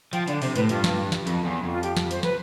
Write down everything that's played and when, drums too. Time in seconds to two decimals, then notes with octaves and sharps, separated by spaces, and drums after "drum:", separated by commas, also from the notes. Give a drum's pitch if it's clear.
0.13 F3 G5, drum: hi-hat
0.28 D3 D5, drum: hi-hat
0.42 C3 C5, drum: open hi-hat
0.56 A2 B4, drum: hi-hat
0.69 G2 F4, drum: hi-hat
0.84 drum: snare
1.12 drum: snare
1.27 F2, drum: hi-hat
1.45 E2
1.63 F2
1.71 F4
1.83 G4, drum: hi-hat
1.97 drum: snare
2.11 C5, drum: hi-hat
2.23 B4, drum: snare